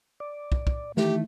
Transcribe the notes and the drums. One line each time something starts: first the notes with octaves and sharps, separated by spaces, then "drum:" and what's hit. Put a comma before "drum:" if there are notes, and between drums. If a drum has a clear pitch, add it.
D5
drum: kick
drum: kick
D#3 E3 A3 G4, drum: snare